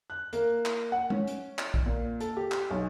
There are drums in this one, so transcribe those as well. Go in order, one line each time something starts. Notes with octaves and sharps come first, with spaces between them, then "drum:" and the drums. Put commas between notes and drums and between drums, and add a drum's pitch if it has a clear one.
F#6
A#3, drum: hi-hat
drum: clap
F#5
C#4, drum: tom
drum: hi-hat
drum: clap
drum: kick A#1
A#2
A4, drum: hi-hat
G4
drum: clap
B1